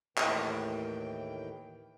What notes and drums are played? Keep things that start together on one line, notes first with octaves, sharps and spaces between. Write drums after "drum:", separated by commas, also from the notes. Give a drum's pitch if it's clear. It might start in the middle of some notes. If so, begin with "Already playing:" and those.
D#2 A2 D#3 E3 G5, drum: clap